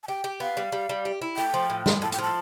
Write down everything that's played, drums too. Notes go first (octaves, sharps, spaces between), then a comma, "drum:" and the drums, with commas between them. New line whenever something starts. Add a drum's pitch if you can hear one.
A5
G4 G5
G4
B3 F5
G3
G3
G3
G4
E4
A3 G5
F3
A2
F3, drum: snare
A2 A5
G5, drum: hi-hat
F3 A5